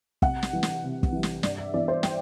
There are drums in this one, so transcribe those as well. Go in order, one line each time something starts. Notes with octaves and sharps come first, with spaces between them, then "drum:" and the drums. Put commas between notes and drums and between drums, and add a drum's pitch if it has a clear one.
C3 F#5, drum: kick
drum: snare
E3 G3
drum: snare
C3
drum: kick
E3 G3
drum: snare
G2 D5, drum: snare
E5
E3 B3 D5
C5
G5, drum: snare